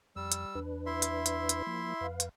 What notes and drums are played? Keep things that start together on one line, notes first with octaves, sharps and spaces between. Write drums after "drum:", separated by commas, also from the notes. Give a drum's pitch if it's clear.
F2 G3 E6
drum: hi-hat
E2 D4 B4
E4 E5 C6
drum: hi-hat
drum: hi-hat
drum: hi-hat
F3 A#3
F2 B4 F5
drum: hi-hat